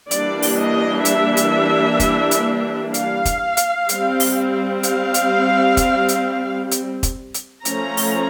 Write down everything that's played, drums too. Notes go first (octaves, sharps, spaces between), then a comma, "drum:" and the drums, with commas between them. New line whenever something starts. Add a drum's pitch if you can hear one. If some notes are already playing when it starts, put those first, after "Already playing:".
E3 G3 A#3 D4 D5, drum: hi-hat
drum: open hi-hat
D#5
E5, drum: hi-hat
drum: hi-hat
drum: kick, hi-hat
drum: hi-hat
F5, drum: hi-hat
drum: kick, hi-hat
drum: hi-hat
G3 C4, drum: hi-hat
drum: open hi-hat
F5, drum: hi-hat
drum: hi-hat
drum: kick, hi-hat
drum: hi-hat
drum: hi-hat
drum: kick, hi-hat
drum: hi-hat
F3 A3 C#4 A#5, drum: hi-hat
drum: open hi-hat